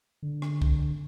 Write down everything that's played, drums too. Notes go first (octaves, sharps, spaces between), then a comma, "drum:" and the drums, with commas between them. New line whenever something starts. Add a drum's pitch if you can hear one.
D3
drum: rim click
drum: kick C2